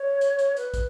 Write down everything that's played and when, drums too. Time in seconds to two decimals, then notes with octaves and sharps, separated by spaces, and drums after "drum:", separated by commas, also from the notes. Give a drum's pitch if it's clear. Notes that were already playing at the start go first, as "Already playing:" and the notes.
Already playing: C#5
0.21 drum: hi-hat
0.39 drum: hi-hat
0.57 B4, drum: hi-hat
0.74 drum: kick, hi-hat